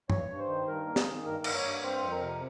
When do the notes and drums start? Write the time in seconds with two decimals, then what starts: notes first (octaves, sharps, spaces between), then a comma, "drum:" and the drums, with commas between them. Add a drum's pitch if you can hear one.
0.10 G2 C#5, drum: tom
0.28 G2
0.38 C5
0.48 D#3
0.67 G2 A#4
0.86 A#3
0.96 G#4, drum: snare
1.05 D#3
1.25 G2 A#4
1.44 A#3, drum: cymbal
1.54 C#5
1.63 G2
1.82 C4 C5
2.02 F2
2.11 A#4
2.21 C3